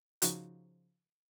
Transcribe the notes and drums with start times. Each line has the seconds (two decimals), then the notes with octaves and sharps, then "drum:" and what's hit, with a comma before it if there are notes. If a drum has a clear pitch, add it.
0.22 C#3 F3 D#4 F#4, drum: hi-hat